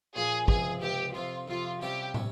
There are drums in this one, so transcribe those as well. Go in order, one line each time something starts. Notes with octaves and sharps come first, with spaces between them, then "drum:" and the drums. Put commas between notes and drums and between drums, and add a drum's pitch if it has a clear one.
A#2 F3 A#3 G#4
C#2 C3 F3 G#4, drum: kick
C#2 C3 F3 G4
F2 C3 F3 F4
F2 C3 F3 F4
C3 G3 C#4 F4 G4 C5
C3 G3 C#4, drum: tom